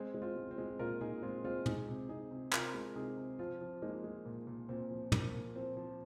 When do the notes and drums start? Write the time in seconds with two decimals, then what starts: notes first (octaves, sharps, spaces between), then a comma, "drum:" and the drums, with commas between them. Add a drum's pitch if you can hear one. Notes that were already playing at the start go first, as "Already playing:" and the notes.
Already playing: G#3 C4
0.14 G#3
0.22 C4 F4
0.36 G#3
0.51 C4
0.58 G#3
0.79 A#2 F4 A#4
1.01 A#2 D#4 G#4
1.22 G#3 C4 F4
1.44 G#3 C4 F4
1.66 G#3 D#4 G#4, drum: tom
1.88 C3
2.09 C3 D#4 G#4
2.31 C3
2.52 C3 F4 A#4, drum: clap
2.74 G#3
2.96 C3 D#4 G#4
3.17 C3
3.39 F3 C4 F4
3.61 F3
3.82 G#3 A#3 D#4
4.04 G#3
4.25 A#2
4.47 A#2
4.69 A#2 C4
4.90 F3
5.12 F3 A#3, drum: tom
5.34 A#2
5.56 F3 C4
5.77 F3